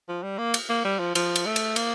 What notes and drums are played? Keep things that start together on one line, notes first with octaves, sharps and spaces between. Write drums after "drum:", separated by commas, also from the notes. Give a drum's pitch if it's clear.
F3
G3
A#3
drum: cymbal
A#3
G3
F3
F3, drum: cymbal
drum: cymbal
A3
drum: cymbal
A#3, drum: cymbal